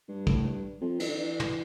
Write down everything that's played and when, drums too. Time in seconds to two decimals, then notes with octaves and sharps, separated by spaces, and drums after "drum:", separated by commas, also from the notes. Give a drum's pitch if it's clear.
0.08 G2
0.27 A2, drum: kick
0.45 G2
0.81 F2
1.00 E3, drum: cymbal
1.08 D3
1.16 E3
1.40 drum: tom